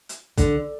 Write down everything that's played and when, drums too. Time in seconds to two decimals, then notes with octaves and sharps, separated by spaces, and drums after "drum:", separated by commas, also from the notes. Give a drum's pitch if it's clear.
0.09 drum: hi-hat
0.38 D3, drum: kick, hi-hat